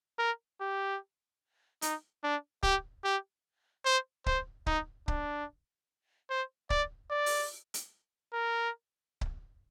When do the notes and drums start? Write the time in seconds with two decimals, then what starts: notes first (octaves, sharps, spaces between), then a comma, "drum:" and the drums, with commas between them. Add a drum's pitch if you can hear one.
0.19 A#4
0.61 G4
1.82 D#4, drum: hi-hat
2.23 D4
2.63 G4, drum: kick C#1
3.04 G4
3.85 C5
4.26 C5, drum: kick C#1
4.66 D#4, drum: kick C#1
5.08 D4, drum: kick C#1
6.30 C5
6.70 D5, drum: kick C#1
7.11 D5
7.26 drum: open hi-hat
7.74 drum: hi-hat
8.33 A#4
9.21 drum: kick C#1